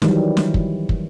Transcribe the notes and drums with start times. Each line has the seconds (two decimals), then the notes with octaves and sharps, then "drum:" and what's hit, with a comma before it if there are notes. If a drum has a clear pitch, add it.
0.02 D#3 E3 F#3 G3, drum: snare
0.37 drum: snare
0.54 drum: kick
0.89 drum: kick